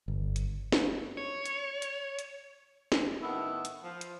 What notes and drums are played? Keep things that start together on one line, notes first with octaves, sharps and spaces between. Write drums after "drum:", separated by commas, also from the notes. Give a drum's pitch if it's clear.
G1
drum: hi-hat
drum: snare
C#5
drum: hi-hat
drum: hi-hat
drum: hi-hat
drum: snare
A2 D#3 B3 E4
drum: hi-hat
F3
drum: hi-hat